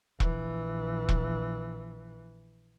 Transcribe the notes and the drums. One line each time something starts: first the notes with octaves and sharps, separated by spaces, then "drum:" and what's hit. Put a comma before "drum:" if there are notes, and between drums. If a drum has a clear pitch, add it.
A#1 E3, drum: kick E1
drum: kick E1